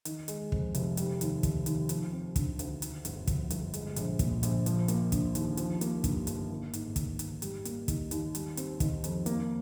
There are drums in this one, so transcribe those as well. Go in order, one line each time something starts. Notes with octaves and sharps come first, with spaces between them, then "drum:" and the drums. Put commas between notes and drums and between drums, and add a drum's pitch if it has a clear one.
D#3, drum: hi-hat
G#3, drum: hi-hat
F2, drum: kick
F1, drum: hi-hat
G3, drum: hi-hat
D#2, drum: hi-hat
D#3, drum: kick, hi-hat
D#2, drum: hi-hat
F3, drum: hi-hat
C4
D3, drum: kick, hi-hat
D2, drum: hi-hat
D#3, drum: hi-hat
G1, drum: hi-hat
F2, drum: kick, hi-hat
G1, drum: hi-hat
G#3, drum: hi-hat
A#1, drum: hi-hat
A#2, drum: kick, hi-hat
A#1, drum: hi-hat
F3, drum: hi-hat
A#3, drum: hi-hat
D3, drum: kick, hi-hat
D#2, drum: hi-hat
F3, drum: hi-hat
A#3, drum: hi-hat
G2, drum: kick, hi-hat
G1, drum: hi-hat
A#3
G#2, drum: hi-hat
D#3, drum: kick, hi-hat
G#2, drum: hi-hat
G3, drum: hi-hat
A#3, drum: hi-hat
D#3, drum: kick, hi-hat
D#2, drum: hi-hat
G3, drum: hi-hat
C4, drum: hi-hat
D#3, drum: kick, hi-hat
F2, drum: hi-hat
A#3, drum: hi-hat